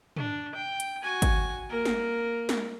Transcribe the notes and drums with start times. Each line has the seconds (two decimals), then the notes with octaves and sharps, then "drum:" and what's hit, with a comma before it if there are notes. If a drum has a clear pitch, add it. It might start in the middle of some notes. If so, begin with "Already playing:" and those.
0.16 D4, drum: tom
0.55 G5
0.80 drum: hi-hat
1.02 F#4 G#5
1.22 drum: kick G#1, hi-hat
1.69 A#3 A#4
1.86 drum: snare
2.49 drum: snare